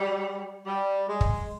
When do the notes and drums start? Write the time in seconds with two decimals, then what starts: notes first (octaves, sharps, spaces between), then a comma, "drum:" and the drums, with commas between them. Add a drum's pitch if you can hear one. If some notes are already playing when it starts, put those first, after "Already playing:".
Already playing: G3
0.66 G3
1.07 G#3
1.21 drum: kick